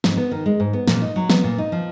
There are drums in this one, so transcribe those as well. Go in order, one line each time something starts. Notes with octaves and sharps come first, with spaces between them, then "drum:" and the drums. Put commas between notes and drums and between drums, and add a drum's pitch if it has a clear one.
G#2, drum: snare
B3
D#3
G#3
G#2
B3
A#2, drum: snare
D#4
F#3
B3, drum: snare
A#2
D#4
F3